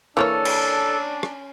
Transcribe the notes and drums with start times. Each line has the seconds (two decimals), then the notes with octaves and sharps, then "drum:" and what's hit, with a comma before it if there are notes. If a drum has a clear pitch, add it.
0.17 E3 A#3 C#4 D4 A4 C#5
0.45 drum: cymbal
1.23 drum: rim click